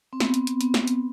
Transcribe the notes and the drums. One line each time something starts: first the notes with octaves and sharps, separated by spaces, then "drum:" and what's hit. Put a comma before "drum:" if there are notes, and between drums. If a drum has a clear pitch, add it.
C4
B3, drum: snare
drum: hi-hat
drum: hi-hat
B3, drum: hi-hat
drum: snare
drum: hi-hat